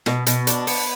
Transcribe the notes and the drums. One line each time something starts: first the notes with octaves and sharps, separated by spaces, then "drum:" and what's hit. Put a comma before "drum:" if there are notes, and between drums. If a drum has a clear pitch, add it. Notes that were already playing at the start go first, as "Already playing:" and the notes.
B2, drum: snare
B2, drum: hi-hat
D4, drum: hi-hat
B3, drum: open hi-hat